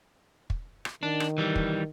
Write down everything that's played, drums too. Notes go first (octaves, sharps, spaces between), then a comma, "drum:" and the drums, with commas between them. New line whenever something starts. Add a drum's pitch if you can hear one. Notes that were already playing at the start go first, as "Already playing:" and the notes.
drum: kick
drum: rim click
D#3 D4
drum: rim click
E3 G3
drum: kick